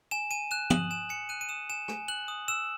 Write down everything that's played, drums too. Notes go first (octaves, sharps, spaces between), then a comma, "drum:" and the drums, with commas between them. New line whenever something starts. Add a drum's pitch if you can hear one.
G#5 E7
G#5 D#7
F#6 E7
D#6 F#7, drum: tom
G#5 E7
G#5 C#7
F#6 D#7
D#7
D#6 E7
G#5 E7
G#5, drum: rim click
F#6 F#7
D#6
E6 E7